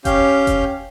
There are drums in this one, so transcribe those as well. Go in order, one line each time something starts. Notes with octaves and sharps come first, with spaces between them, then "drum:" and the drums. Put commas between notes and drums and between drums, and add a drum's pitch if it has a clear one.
C#4 G4 F5 G6, drum: kick F1, hi-hat
drum: kick F1, hi-hat